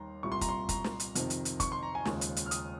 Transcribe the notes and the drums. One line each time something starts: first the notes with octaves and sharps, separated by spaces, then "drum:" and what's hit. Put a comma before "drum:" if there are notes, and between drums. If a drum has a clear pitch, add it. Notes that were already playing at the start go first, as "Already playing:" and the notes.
Already playing: D#2 D#3 G3 A#5 C6
C2 A#2 G3 C#6
C6
A#5, drum: kick, hi-hat
C6
A#5, drum: kick, hi-hat
drum: snare
drum: hi-hat
F2 C3 D#3, drum: hi-hat
drum: hi-hat
drum: hi-hat
C#6, drum: kick, hi-hat
C6
A#5
G#5
D#2 C#3 F3 G#3, drum: snare
drum: hi-hat
drum: hi-hat
F6
D#6, drum: hi-hat